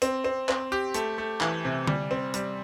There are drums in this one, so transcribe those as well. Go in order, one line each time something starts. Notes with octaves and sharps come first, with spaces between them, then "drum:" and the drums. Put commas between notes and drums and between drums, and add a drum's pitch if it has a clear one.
C4, drum: hi-hat
C4
C4, drum: clap
G4
A3, drum: hi-hat
A3
E3, drum: clap
C3
G3, drum: tom D3
C4
G3, drum: hi-hat